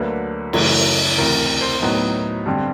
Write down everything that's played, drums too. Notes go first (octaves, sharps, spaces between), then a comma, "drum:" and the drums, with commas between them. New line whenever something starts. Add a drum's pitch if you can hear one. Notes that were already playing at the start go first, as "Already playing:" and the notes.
Already playing: D2 D3 F#3 A#3 B4
F#2 C#3 E3 A3, drum: cymbal
D2 C3 E3 A#4
C5
A2 F#3 B3 D#4 B4
G2 D3 G3 C4